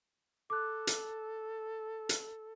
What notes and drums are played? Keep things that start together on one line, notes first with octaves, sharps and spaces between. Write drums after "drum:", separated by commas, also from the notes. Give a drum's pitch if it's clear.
A4 D6 F#6
drum: hi-hat
drum: hi-hat